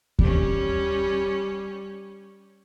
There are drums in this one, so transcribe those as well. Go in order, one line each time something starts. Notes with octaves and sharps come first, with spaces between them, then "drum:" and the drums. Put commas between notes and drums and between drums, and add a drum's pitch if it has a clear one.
G3 C#4, drum: kick D#2